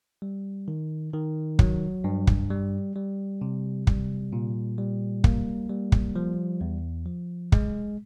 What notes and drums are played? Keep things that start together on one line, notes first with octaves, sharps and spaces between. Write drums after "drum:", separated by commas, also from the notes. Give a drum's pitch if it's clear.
G3
D#3
D#3
F#3, drum: kick
G2
drum: kick
G3
G3
C3
G3, drum: kick
A#2
G3
A#3, drum: kick
G3
drum: kick
F3
E2
F3
G#3, drum: kick